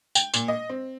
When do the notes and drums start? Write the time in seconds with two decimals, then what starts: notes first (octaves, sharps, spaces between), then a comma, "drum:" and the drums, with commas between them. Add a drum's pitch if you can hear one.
0.15 G5, drum: tambourine
0.34 A#2, drum: tambourine
0.48 D#5
0.69 C4